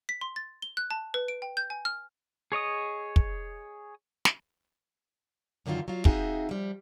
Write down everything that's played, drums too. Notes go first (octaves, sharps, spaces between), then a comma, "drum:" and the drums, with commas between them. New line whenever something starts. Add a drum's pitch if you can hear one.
B6
C6
A6
G7
F#6
A5
B4
D7
G5
G6
G#5
F6
G#4 C#5 D#5 D#6
drum: kick
drum: snare
F#2 D3 D#3 F#3 F4
F#3 F4
C4 D#4 F#4 G#4 E5 F5, drum: kick
F3 G3